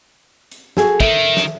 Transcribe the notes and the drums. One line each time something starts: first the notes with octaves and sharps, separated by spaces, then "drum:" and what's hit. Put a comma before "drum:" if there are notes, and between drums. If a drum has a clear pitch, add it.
drum: hi-hat
F#4 G#4 A4, drum: snare
D#3 E5, drum: kick
drum: snare